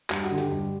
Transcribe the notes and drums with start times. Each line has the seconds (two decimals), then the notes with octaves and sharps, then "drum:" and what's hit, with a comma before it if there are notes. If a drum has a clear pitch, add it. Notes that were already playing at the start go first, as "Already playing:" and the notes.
0.10 G2 G4, drum: clap
0.24 F#4
0.31 D3
0.38 G4, drum: hi-hat
0.51 G2